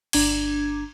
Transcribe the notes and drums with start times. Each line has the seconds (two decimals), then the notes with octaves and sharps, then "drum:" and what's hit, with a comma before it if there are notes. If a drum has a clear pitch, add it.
0.13 G1 D4 A#5 D6 G#6, drum: cymbal